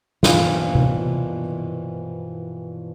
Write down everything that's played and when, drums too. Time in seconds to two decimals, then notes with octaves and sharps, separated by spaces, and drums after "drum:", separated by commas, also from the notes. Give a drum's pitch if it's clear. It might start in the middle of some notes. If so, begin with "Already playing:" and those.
0.23 G2 B2 E3 F3 A#3 F4, drum: snare
0.75 drum: tom C3